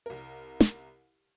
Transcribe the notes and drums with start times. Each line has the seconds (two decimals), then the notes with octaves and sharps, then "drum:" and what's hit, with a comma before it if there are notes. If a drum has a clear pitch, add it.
0.06 C2 A#4
0.60 drum: snare